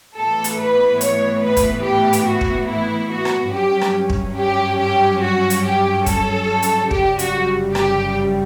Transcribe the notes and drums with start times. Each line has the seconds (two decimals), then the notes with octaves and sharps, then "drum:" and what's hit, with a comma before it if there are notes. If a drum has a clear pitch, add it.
0.15 A2 E3 B3 A4
0.44 drum: hi-hat
0.59 B4
1.01 C#5, drum: hi-hat
1.43 B4
1.57 drum: kick, hi-hat
1.85 G4
2.13 drum: hi-hat
2.27 F#4
2.41 drum: kick
2.69 E4
3.11 F#4
3.25 drum: rim click
3.53 G2 F#3 C#4 G4
3.81 drum: rim click
4.10 drum: kick
4.37 G4
4.80 G4
5.22 F#4
5.50 drum: hi-hat
5.64 G4
6.06 A4, drum: kick, hi-hat
6.62 drum: hi-hat
6.91 G1 F#2 C#3 G3 G4, drum: kick
7.19 F#4, drum: hi-hat
7.75 G4, drum: rim click